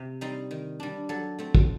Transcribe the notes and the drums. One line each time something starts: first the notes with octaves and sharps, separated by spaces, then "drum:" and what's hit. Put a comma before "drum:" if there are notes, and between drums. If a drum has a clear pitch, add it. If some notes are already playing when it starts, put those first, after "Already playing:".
Already playing: C3
G3 C4 D#4
D#3
G3 D4
F#3 A4
A3 C4
drum: kick